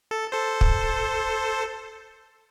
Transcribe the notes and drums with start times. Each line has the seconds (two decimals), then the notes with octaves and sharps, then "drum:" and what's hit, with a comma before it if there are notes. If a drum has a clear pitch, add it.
0.11 A4
0.32 A4 C5
0.61 drum: kick